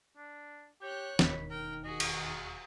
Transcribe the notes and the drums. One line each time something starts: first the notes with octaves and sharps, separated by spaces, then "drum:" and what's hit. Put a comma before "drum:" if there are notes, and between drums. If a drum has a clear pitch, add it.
D4
G4 C#5 F#6 G6
E1 D#2 D#3 B5, drum: snare
A#4 G5
F#4 G#4 D#5
drum: cymbal